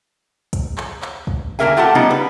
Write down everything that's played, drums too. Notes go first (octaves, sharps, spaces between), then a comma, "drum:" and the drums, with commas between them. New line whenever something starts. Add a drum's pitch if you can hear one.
drum: kick, hi-hat
drum: clap
drum: clap
drum: kick
D3 F#3 A#3 A#4 E5 G#5
A3 F4 G4 F#5 A5
C#3 F3 G3 B3 D4 D#4
B4